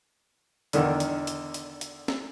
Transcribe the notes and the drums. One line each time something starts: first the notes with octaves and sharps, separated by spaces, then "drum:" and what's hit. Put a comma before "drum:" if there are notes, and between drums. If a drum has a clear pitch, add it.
E2 D3 D#3, drum: hi-hat
drum: hi-hat
drum: hi-hat
drum: hi-hat
drum: hi-hat
drum: snare